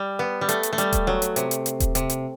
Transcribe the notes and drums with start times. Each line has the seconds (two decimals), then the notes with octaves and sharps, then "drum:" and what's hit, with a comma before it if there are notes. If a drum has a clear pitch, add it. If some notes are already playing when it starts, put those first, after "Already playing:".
Already playing: G3
0.19 B3
0.41 G3
0.49 A3, drum: hi-hat
0.63 drum: hi-hat
0.73 A3
0.78 G3, drum: hi-hat
0.93 drum: kick D#1, hi-hat
1.07 F#3
1.22 drum: hi-hat
1.36 C3, drum: hi-hat
1.51 drum: hi-hat
1.66 drum: hi-hat
1.80 drum: kick D#1, hi-hat
1.95 C3, drum: hi-hat
2.10 drum: hi-hat